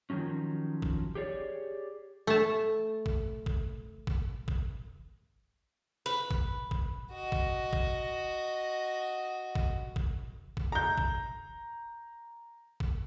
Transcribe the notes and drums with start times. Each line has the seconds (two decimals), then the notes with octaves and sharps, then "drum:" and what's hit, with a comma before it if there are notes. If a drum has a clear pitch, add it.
0.10 D#3 F3 F#3 C#4
0.82 drum: kick
1.15 G4 G#4 C#5 D5
2.27 A3 A5
3.06 drum: kick
3.46 drum: kick
4.07 drum: kick
4.48 drum: kick
6.06 B4
6.31 drum: kick
6.71 drum: kick
7.12 F#4 D#5
7.32 drum: kick
7.73 drum: kick
9.55 drum: kick
9.96 drum: kick
10.57 drum: kick
10.72 A#5 G6
10.98 drum: kick
12.80 drum: kick